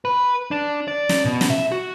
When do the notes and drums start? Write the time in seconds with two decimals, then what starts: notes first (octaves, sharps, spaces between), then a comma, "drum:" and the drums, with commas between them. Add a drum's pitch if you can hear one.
0.05 B4
0.51 D4
0.88 D5
1.09 drum: snare
1.25 B2
1.41 drum: snare
1.50 E5
1.72 F#4